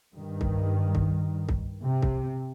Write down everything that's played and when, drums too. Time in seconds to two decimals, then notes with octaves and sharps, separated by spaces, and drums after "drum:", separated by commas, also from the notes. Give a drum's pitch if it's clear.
0.16 G2 D#3
0.41 drum: kick C2
0.95 drum: kick C2
1.49 drum: kick C2
1.84 C3
2.02 drum: kick C2